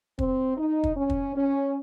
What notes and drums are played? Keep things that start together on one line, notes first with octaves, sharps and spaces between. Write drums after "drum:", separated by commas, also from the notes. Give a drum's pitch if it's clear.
C4, drum: kick
D#4
drum: kick
C#4
drum: kick
C#4